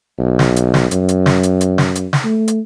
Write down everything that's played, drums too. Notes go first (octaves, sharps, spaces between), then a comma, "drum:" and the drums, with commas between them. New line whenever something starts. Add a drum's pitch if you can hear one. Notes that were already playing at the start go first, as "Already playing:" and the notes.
B1
drum: snare
drum: hi-hat
drum: snare
F#2, drum: hi-hat
drum: hi-hat
drum: snare
drum: hi-hat
drum: hi-hat
drum: snare
drum: hi-hat
drum: snare
A3
drum: hi-hat